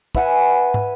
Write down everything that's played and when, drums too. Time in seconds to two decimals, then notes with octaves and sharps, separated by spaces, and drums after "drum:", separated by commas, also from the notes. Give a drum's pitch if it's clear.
0.15 B4 E5 F#5 G#5, drum: kick
0.74 drum: tom